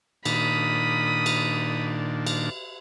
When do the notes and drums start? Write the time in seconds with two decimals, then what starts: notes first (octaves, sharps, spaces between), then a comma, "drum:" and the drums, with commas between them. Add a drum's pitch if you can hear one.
0.25 A#2 D#3 D4 B5 D#6, drum: cymbal
1.26 drum: cymbal
2.27 drum: cymbal